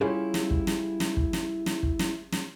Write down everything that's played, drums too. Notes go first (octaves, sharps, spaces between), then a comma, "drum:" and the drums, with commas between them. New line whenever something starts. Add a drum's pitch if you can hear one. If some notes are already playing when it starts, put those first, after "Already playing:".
G3 C#4 E4 F4 G4 G#4
drum: snare
drum: kick
drum: snare
drum: snare
drum: kick
drum: snare
drum: snare
drum: kick
drum: snare
drum: snare